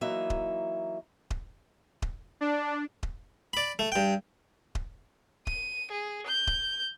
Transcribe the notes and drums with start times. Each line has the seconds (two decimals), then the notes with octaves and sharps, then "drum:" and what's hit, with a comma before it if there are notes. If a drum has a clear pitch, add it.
0.01 E3 F#3 A#3 D#4 E5
0.30 drum: kick D#1
1.30 drum: kick D#1
2.02 drum: kick D#1
2.41 D4
3.03 drum: kick D#1
3.53 D5 B5
3.79 A3
3.92 G2 G5
4.75 drum: kick D#1
5.47 D#7, drum: kick D#1
5.92 G#4
6.27 G6
6.47 drum: kick D#1